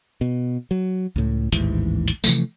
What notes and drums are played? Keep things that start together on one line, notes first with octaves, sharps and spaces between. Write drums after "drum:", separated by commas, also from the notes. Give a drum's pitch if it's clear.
B2
F#3
C#2 A2
A1 D#2 G#2 E3, drum: hi-hat
drum: hi-hat
C3 E3 F3 A3, drum: tambourine